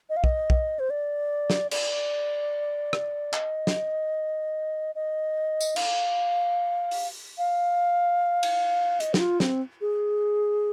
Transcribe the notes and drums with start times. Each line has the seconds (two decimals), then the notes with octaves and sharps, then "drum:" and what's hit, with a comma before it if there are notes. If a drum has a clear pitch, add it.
0.10 D#5
0.17 F5
0.24 D#5, drum: kick
0.50 drum: kick
0.79 C5
0.90 D5
1.50 drum: snare
1.71 D5, drum: cymbal
2.93 drum: rim click
3.33 D#5, drum: clap
3.67 drum: snare
4.95 D#5
5.61 drum: tambourine
5.76 F5, drum: cymbal
6.91 drum: open hi-hat
7.38 F5
8.43 drum: cymbal
9.00 D#5, drum: hi-hat
9.14 D#4, drum: snare
9.20 F4
9.40 C4, drum: snare
9.81 G#4